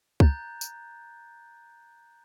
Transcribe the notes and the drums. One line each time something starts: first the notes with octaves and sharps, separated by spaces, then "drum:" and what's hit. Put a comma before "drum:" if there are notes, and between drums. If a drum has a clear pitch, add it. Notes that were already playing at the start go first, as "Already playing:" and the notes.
A#5 F#6 G6 A6, drum: kick C#2
drum: tambourine